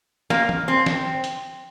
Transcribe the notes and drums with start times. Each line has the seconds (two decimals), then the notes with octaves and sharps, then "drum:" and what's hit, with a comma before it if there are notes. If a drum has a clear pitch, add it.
0.30 A#3, drum: snare
0.49 drum: tom E3
0.68 C4
0.86 drum: snare
1.24 drum: hi-hat